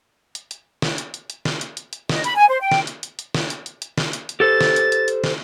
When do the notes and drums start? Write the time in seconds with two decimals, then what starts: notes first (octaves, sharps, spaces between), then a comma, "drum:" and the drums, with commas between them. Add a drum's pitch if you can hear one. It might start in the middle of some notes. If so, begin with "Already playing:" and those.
0.35 drum: hi-hat
0.51 drum: hi-hat
0.82 drum: snare
0.98 drum: hi-hat
1.14 drum: hi-hat
1.30 drum: hi-hat
1.45 drum: snare
1.61 drum: hi-hat
1.77 drum: hi-hat
1.93 drum: hi-hat
2.09 D#5, drum: snare
2.24 B5, drum: hi-hat
2.35 G#5
2.48 C5
2.61 G5
2.71 drum: snare
2.87 drum: hi-hat
3.03 drum: hi-hat
3.19 drum: hi-hat
3.34 drum: snare
3.50 drum: hi-hat
3.66 drum: hi-hat
3.82 drum: hi-hat
3.98 drum: snare
4.13 drum: hi-hat
4.29 drum: hi-hat
4.40 G4 A4 C5 A6
4.61 drum: snare
4.76 drum: hi-hat
4.92 drum: hi-hat
5.08 drum: hi-hat
5.24 drum: snare